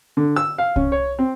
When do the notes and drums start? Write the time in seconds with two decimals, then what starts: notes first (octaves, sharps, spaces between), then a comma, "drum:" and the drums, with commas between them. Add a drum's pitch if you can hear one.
0.17 D3
0.36 E6
0.58 F5
0.76 C#4, drum: kick C2
0.92 C#5
1.19 C4